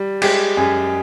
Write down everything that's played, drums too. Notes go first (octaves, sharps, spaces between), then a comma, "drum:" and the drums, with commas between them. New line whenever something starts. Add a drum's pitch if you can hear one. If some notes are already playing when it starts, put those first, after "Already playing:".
Already playing: G3
G#3 G4, drum: cymbal
F#2 G#4